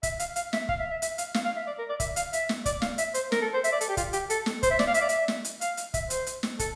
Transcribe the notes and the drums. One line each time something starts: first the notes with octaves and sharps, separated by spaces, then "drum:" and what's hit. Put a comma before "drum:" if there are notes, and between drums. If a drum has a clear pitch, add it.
E5, drum: kick, hi-hat
F5, drum: hi-hat
F5, drum: hi-hat
E5, drum: snare
F5, drum: kick
E5
E5
E5, drum: hi-hat
F5, drum: hi-hat
F5, drum: snare
F5
E5
D5
A#4
D5
E5, drum: kick, hi-hat
F5, drum: hi-hat
E5, drum: hi-hat
drum: snare
D5, drum: kick, hi-hat
F5, drum: snare
E5, drum: hi-hat
C5, drum: hi-hat
A#4, drum: snare
A4
C5
E5, drum: hi-hat
D5
A4, drum: hi-hat
G4
F4, drum: kick, hi-hat
G4, drum: hi-hat
A4, drum: hi-hat
drum: snare
C5, drum: kick, hi-hat
E5
D5, drum: snare
F5
E5, drum: hi-hat
D5
E5, drum: hi-hat
drum: snare
drum: hi-hat
F5, drum: hi-hat
drum: hi-hat
E5, drum: kick, hi-hat
C5, drum: hi-hat
drum: hi-hat
drum: snare
A4, drum: kick, hi-hat